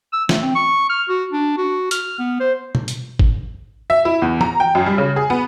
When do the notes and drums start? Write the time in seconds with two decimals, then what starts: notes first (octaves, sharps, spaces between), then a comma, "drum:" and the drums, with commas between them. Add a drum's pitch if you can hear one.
0.13 E6
0.29 A3, drum: snare
0.42 C4
0.55 C#6
0.89 F6
1.09 F#4
1.32 D4
1.57 F#4
1.91 F6, drum: hi-hat
2.19 B3
2.40 C5
2.75 drum: tom B2
2.88 drum: hi-hat
3.19 drum: kick G#1
3.90 E5
4.05 E4
4.22 E2
4.41 A#5, drum: tom
4.60 G5
4.75 F#2
4.86 G3
4.98 C#3
5.16 G#4
5.30 B3